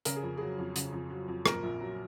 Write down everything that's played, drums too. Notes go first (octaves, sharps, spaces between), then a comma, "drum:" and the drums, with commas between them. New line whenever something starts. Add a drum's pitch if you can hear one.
C#3 A#4, drum: hi-hat
G#4
F2
F#3 G#4
F2
C#3, drum: hi-hat
F2
F#3
F2
A#2 A#4, drum: rim click
A#1
F#3